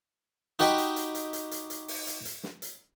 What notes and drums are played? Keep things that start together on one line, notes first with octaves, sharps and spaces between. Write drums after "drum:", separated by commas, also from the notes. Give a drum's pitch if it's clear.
D#4 F#4 G4 D#5 G5 B5, drum: hi-hat
drum: hi-hat
drum: hi-hat
drum: hi-hat
drum: hi-hat
drum: hi-hat
drum: hi-hat
drum: open hi-hat
drum: hi-hat
drum: hi-hat
drum: snare
drum: hi-hat